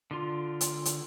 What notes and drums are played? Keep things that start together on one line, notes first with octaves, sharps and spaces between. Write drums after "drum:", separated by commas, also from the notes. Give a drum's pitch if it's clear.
D3 F4
drum: hi-hat
drum: hi-hat